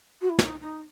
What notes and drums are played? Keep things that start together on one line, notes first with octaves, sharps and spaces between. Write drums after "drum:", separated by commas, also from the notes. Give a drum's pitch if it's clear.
F#4
E4
D#4, drum: snare
D#4